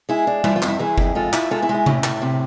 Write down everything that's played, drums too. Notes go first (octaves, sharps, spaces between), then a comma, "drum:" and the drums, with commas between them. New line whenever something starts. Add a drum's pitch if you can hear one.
G#3 E4 G#4
D4
F3 E4, drum: tom G3
F4
F2, drum: clap
E4
E3 E4 G#4
F2, drum: kick F#1
G#3 F4 A4
E4, drum: clap
G#3 F4 A4
E4 G#4
G#3
E4
A2, drum: tom C3
A2, drum: clap
C3